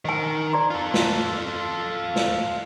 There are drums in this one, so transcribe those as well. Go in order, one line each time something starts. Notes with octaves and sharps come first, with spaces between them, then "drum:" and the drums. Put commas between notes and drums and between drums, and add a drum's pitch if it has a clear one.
D#3 D#5 G#5
D5 A#5 C6
F4 A4
drum: snare
drum: snare